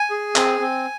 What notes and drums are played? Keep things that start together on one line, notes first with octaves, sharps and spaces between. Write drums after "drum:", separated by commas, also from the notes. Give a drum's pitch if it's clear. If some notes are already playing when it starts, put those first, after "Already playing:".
Already playing: G#5
G#4
C4, drum: clap
C4